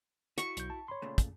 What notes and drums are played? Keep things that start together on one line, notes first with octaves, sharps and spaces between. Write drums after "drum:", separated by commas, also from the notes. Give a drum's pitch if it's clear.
E4 F#4 C#6, drum: hi-hat
B1 G6, drum: hi-hat
A5
C#5 B5 C6
A#2 C#3 A3
drum: kick, hi-hat